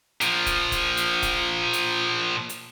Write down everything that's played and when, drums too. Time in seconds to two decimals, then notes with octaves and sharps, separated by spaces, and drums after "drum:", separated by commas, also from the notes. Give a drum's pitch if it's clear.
0.21 A#2 F3, drum: hi-hat
0.46 drum: kick, hi-hat
0.72 drum: kick, hi-hat
0.97 drum: hi-hat
1.23 drum: kick, hi-hat
1.73 drum: hi-hat
2.49 drum: hi-hat